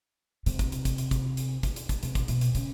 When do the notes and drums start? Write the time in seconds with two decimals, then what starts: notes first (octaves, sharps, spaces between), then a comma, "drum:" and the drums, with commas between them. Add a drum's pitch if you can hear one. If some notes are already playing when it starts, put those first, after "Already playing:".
0.46 C3, drum: hi-hat
0.59 drum: kick, hi-hat
0.72 drum: hi-hat
0.85 drum: kick, hi-hat
0.98 drum: hi-hat
1.11 drum: kick, hi-hat
1.37 drum: hi-hat
1.63 drum: kick, hi-hat
1.76 drum: hi-hat
1.89 drum: kick, hi-hat
2.03 C3, drum: hi-hat
2.15 drum: kick, hi-hat
2.28 B2, drum: hi-hat
2.41 drum: hi-hat
2.55 C#3, drum: hi-hat